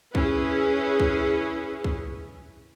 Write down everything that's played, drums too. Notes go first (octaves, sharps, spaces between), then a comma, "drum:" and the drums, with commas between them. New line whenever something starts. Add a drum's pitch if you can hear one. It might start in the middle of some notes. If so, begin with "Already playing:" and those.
C#4 E4 G#4 B4, drum: kick C2
drum: kick C2
drum: kick C2